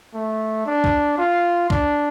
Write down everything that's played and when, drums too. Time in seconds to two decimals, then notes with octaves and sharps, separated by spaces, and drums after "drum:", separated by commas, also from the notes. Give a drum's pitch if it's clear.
0.14 A3
0.67 D4
0.84 drum: kick
1.18 F4
1.70 D4, drum: kick